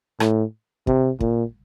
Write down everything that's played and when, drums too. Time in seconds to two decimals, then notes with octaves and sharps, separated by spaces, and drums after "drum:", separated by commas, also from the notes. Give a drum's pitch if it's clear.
0.20 A2, drum: rim click
0.87 C3, drum: kick
1.20 A#2, drum: kick